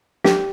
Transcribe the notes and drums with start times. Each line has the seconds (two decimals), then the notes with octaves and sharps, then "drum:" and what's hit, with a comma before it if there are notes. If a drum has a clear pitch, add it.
0.25 G4, drum: snare